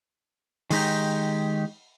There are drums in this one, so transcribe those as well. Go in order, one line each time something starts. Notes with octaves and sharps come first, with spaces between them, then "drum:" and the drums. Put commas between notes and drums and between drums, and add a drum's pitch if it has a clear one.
D#3 G#3 D#4 G4, drum: open hi-hat